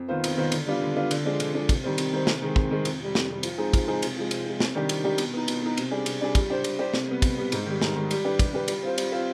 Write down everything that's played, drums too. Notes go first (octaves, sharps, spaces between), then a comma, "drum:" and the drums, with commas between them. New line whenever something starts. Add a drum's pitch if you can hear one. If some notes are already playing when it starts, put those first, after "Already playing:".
Already playing: F2
D#3 B3 F4 C5
F2, drum: cymbal
D#3 B3 F4 C5
D3, drum: cymbal
G3 B3 D4 F4
D3
G3 B3 D4 F4
D3, drum: cymbal
F3 G#3 D4
D3, drum: cymbal
F3 G#3 D4
C3, drum: kick, cymbal
D#3 G3 C4
C3, drum: cymbal
D#3 G3 C4
C3, drum: snare
D#3 G#3 C4
C3, drum: kick
D#3 G#3 C4
F2, drum: cymbal
C3 G3
F2, drum: snare
C3 G3
F3, drum: cymbal
G#3 C4 D#4 G#4
F3, drum: kick, cymbal
G#3 C4 D#4 G#4
C3, drum: cymbal
F3 G#3
C3, drum: cymbal
F3 G#3
C3, drum: snare
D#3 G3 D4 G4
C3, drum: cymbal
D#3 G3 D4 G4
B2, drum: cymbal
B3 D#4
B2, drum: cymbal
B3 D#4
C3, drum: cymbal
G3 D4 G#4
C3, drum: cymbal
G3 D4 G#4
G3, drum: kick, cymbal
D4 G4 C5
G3, drum: cymbal
D4 G4 C5
C3, drum: snare
G3 B3
C3, drum: kick, cymbal
G3 B3
G#2, drum: cymbal
D#3 G3
G#2, drum: snare
D#3 G3
G3, drum: cymbal
D4 G4 B4
G3, drum: kick, cymbal
D4 G4 B4
G3, drum: cymbal
C4 F4 C5
G3, drum: cymbal
C4 F4 C5